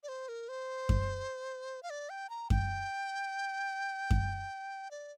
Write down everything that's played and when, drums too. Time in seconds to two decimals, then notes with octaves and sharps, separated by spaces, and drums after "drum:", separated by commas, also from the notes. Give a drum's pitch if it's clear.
0.03 D5
0.08 C5
0.29 A#4
0.49 C5
0.89 drum: kick F#2
1.83 F5
1.90 D5
2.10 G5
2.30 A#5
2.50 G5, drum: kick F#2
4.11 drum: kick F#2
4.91 D5